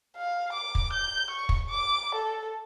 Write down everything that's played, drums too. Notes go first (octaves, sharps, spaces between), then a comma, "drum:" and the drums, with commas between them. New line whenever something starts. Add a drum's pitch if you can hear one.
F5
D6
drum: kick
G6
C#6
drum: kick
D6
A4